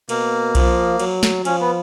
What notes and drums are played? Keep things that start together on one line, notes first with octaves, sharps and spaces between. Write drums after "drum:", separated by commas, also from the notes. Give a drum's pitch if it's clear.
B2 A#3, drum: cymbal
F3, drum: kick B1, cymbal
F#3, drum: cymbal
drum: snare
F3 C#4, drum: cymbal
B3